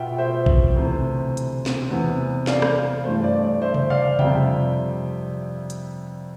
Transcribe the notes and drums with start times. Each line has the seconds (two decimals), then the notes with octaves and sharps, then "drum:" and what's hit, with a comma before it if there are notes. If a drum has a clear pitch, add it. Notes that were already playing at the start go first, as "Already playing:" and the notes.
Already playing: B2 B3 F4 E5 G5
0.18 C5 E5
0.46 drum: kick B1
0.76 D2 C3 E3
1.37 drum: hi-hat
1.66 drum: snare
1.90 E2 C3 E3 B3
2.47 D5 F5, drum: snare
2.62 drum: rim click
3.04 G2 E3 A3 C5
3.24 D5
3.43 D5
3.62 C5 E5
3.74 drum: tom C3
3.90 D5 F5
4.19 F2 C3 G3 D4 E5 G5, drum: tom C3
5.70 drum: hi-hat